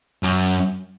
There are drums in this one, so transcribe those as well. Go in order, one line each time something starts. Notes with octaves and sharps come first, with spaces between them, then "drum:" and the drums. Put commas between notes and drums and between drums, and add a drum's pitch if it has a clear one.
F#2, drum: hi-hat